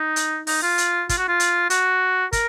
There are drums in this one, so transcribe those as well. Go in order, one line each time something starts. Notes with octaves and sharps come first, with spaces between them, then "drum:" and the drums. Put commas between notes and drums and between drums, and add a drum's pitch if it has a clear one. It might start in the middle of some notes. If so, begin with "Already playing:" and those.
Already playing: D#4
drum: hi-hat
D#4, drum: open hi-hat
F4
drum: hi-hat
F4, drum: kick, hi-hat
F#4
F4
drum: hi-hat
F#4, drum: hi-hat
A#4, drum: kick, hi-hat